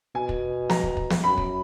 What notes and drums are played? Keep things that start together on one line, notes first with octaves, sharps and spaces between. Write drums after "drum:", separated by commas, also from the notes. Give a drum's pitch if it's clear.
B2 G#5
drum: kick
A#5, drum: snare
drum: kick
drum: kick
drum: snare
F#2 B5
drum: kick